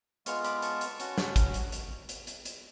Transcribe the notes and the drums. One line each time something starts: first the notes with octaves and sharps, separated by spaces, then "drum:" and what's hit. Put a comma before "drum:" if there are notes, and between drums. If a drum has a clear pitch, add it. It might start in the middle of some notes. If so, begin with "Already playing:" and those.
G#3 B3 F4 C#6 F6, drum: hi-hat
B5 D6, drum: hi-hat
A5 C#6, drum: hi-hat
drum: hi-hat
C#4 F#4, drum: hi-hat
drum: snare
drum: kick, hi-hat
drum: hi-hat
drum: hi-hat
drum: hi-hat
drum: hi-hat
drum: hi-hat